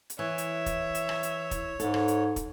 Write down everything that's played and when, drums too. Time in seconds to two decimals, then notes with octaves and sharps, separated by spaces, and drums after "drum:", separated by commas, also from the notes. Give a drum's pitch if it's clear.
0.10 drum: hi-hat
0.19 E3 C#5 E5
0.38 drum: hi-hat
0.66 drum: kick, hi-hat
0.95 drum: hi-hat
1.09 drum: rim click
1.23 drum: hi-hat
1.51 drum: kick, hi-hat
1.80 G#2 A4, drum: hi-hat
1.94 drum: rim click
2.08 drum: hi-hat
2.36 drum: kick, hi-hat